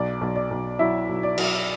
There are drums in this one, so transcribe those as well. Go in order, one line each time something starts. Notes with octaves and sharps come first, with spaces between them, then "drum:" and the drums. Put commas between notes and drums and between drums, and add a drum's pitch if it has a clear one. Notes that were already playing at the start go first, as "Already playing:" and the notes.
Already playing: B1 D5
B1
D5
B1
F#3 E4 E5
B1
D5
F#3, drum: cymbal